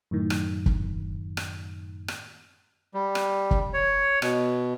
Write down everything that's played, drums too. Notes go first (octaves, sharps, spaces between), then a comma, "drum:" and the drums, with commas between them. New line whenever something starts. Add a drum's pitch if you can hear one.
F#2 A2 D#3
drum: rim click
drum: kick
drum: rim click
drum: rim click
G3
drum: rim click
drum: kick
C#5
B2, drum: rim click